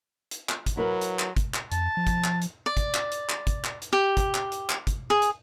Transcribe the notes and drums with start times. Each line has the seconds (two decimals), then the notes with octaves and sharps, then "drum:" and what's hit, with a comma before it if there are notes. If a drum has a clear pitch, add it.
0.31 drum: hi-hat
0.49 drum: clap
0.66 drum: kick, hi-hat
0.77 F#3 E4 A#4 B4
1.01 drum: hi-hat
1.19 drum: clap
1.37 drum: kick, hi-hat
1.54 drum: clap
1.72 F2 A5, drum: hi-hat
1.97 F3
2.07 drum: kick, hi-hat
2.24 drum: clap
2.42 drum: hi-hat
2.66 D5
2.77 drum: kick, hi-hat
2.94 drum: clap
3.12 drum: hi-hat
3.29 drum: clap
3.47 drum: kick, hi-hat
3.64 drum: clap
3.82 drum: hi-hat
3.93 G4
4.17 drum: kick, hi-hat
4.34 drum: clap
4.52 drum: hi-hat
4.69 drum: clap
4.87 drum: kick, hi-hat
5.10 G#4
5.22 drum: hi-hat